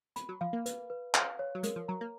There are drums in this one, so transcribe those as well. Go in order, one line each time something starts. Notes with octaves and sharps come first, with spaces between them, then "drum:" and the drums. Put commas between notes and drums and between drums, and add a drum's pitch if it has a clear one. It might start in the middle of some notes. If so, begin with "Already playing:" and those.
B5, drum: hi-hat
F#3
F3 F5
A#3
B4, drum: hi-hat
B4
F5, drum: clap
C#5
F#3
G#3 A#4, drum: hi-hat
F3
F#3 A#5
A#3